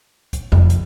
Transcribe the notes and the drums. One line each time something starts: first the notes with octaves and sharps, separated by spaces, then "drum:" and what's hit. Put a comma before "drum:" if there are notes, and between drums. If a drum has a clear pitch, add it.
drum: kick, hi-hat
F2, drum: tom C3
drum: hi-hat